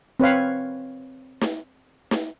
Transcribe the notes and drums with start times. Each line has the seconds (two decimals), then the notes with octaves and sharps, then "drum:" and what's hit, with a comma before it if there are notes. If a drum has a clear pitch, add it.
0.20 C4 B4 C#5 F5
1.41 drum: snare
2.11 drum: snare